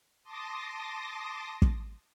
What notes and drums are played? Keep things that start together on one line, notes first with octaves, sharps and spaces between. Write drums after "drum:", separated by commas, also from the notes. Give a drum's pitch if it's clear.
A5 C6 D6 D#6 A#6
drum: kick